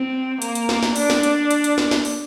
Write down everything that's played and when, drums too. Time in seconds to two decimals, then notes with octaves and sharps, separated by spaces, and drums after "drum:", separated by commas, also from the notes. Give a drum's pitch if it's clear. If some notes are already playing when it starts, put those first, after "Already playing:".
Already playing: C4
0.42 A#3, drum: hi-hat
0.55 drum: hi-hat
0.69 drum: snare
0.83 drum: snare
0.96 D4, drum: open hi-hat
1.10 drum: snare
1.23 drum: hi-hat
1.51 drum: hi-hat
1.64 drum: hi-hat
1.78 drum: snare
1.91 drum: snare
2.05 drum: open hi-hat